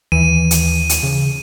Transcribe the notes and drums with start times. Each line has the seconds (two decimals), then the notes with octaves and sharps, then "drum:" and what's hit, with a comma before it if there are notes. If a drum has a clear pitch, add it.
0.12 D#2 E3 D#7
0.51 drum: hi-hat
0.89 drum: hi-hat
1.03 C#3